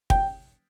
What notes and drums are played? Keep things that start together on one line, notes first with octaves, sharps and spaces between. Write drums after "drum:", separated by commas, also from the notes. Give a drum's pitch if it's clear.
G5, drum: kick